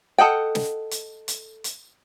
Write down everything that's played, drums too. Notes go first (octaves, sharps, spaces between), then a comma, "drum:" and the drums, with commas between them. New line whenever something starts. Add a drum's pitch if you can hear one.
A4 D#5 F#5 G5
drum: snare
drum: hi-hat
drum: hi-hat
drum: hi-hat